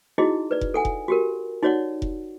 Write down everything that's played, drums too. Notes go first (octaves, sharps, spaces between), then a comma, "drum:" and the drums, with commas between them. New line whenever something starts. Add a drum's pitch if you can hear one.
D#4 E4 F#4 G#4 D#5
B4 D5
drum: kick F1
A4 F#5 G#5
drum: kick F1
F#4 G4 A#4
D#4 F#4 C#5 D5 F#5
drum: kick F1